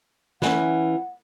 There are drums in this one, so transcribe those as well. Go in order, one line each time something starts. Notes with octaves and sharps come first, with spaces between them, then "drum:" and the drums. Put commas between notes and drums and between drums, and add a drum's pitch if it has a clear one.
E3 C#4 F#5, drum: snare